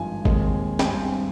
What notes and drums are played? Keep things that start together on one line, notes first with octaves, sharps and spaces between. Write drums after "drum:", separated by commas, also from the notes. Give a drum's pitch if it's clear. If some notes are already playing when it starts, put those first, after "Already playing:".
Already playing: G#1 G2 F3 G#5
D#2 D#3 G#3 C4, drum: kick G#1
G5, drum: snare
G2 G3 C4 G#5